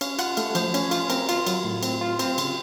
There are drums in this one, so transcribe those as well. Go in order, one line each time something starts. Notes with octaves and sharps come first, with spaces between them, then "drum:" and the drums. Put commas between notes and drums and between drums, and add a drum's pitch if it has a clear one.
C#4 F5, drum: cymbal
F4 F#5, drum: cymbal
A3 F5, drum: cymbal
F3 C5, drum: cymbal
C#4, drum: cymbal
F4, drum: cymbal
C4 A#4, drum: cymbal
F4, drum: cymbal
F#3, drum: cymbal
A2
C4, drum: cymbal
F4
C4 C5, drum: cymbal
C#3, drum: cymbal